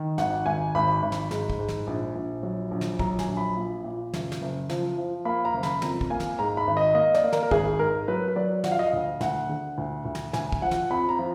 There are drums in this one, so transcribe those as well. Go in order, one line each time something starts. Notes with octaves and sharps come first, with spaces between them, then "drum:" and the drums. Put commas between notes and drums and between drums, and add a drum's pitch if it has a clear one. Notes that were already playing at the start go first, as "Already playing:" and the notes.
Already playing: D#3
G#1 F#5, drum: snare
G#1 G#5
G#1 B5
G#1
drum: snare
G#2, drum: snare
drum: kick
G#2
drum: snare
A#1
A#1
F#3
A#1
drum: snare
F#3 A#5, drum: kick
G#5, drum: snare
A#1
B5
A#2
A#2
F#1, drum: snare
drum: snare
F#1
F3, drum: snare
F3
A#3 B5
A#5
F#1
B5, drum: snare
F2 A#5, drum: snare
drum: kick
A#3 G#5
drum: snare
G#2 A#5
B5
G#1
D#5
A#3 D#5
D5, drum: snare
A#3
A#4, drum: snare
A#4
G#1 G#4, drum: kick
G#2 A#4
F#3 B4
B4
F#3 D5
F3 F#5, drum: snare
F5
D#5
F5
D2
D2 F#5, drum: snare
D3
D2
D2
drum: snare
D2 G#5, drum: snare
drum: kick
F3 F#5
drum: snare
F2 B5
A#5
F3